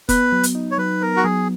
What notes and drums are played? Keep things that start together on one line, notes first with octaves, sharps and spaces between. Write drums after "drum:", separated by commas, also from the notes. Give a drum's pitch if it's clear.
B3 B4, drum: kick F1, hi-hat
F#3
drum: hi-hat
D#4
C#5
F#3 B4
B3 A#4
F#4
F#3 G#4